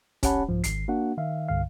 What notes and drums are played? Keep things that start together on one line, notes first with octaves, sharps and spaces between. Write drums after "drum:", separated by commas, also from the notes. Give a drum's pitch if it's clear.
C#4 G4 C#5 F#5 A5 B5, drum: kick, hi-hat
C2 G#2 F3
G#1 C7, drum: hi-hat
A#3 D4 F#4 F#5
D#3 E5 F5
C2 G2 D3 F5